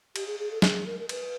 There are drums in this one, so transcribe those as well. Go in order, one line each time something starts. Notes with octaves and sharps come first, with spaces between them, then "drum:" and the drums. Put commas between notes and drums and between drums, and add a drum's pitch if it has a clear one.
G4, drum: cymbal
G#4
G#4
A4
G#4, drum: snare
A#4
A#4
B4, drum: cymbal